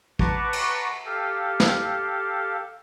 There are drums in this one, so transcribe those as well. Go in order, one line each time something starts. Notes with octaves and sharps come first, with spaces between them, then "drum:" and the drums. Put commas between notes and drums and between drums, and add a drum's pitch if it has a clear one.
B4 F#5 A5 A#5 C#6 D6, drum: kick
drum: cymbal
G4 A4 F5
drum: snare